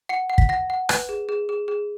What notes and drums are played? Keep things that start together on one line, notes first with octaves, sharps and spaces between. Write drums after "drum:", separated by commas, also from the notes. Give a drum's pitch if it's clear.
F#5 C#7
F#5
B6, drum: kick
F#5 A#6
F#5
B4 F#6, drum: rim click
G#4
G#4
G#4
G#4